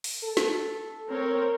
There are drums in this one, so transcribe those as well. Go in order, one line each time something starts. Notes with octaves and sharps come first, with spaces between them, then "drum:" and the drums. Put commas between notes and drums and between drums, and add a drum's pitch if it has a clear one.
drum: open hi-hat
A4
drum: snare
C4 A#4 C#5